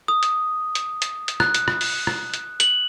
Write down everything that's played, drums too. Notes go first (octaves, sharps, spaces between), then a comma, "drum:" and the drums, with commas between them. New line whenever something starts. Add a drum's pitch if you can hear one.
D#6
drum: hi-hat
drum: hi-hat
drum: hi-hat
drum: hi-hat
F#6, drum: rim click
drum: hi-hat
drum: rim click
drum: open hi-hat
drum: rim click
drum: hi-hat
F#7, drum: hi-hat